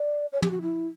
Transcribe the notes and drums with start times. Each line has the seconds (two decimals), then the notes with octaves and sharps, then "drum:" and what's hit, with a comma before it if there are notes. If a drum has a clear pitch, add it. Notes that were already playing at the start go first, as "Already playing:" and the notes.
Already playing: D5
0.32 C#5
0.42 G4, drum: tom
0.51 F#4
0.62 E4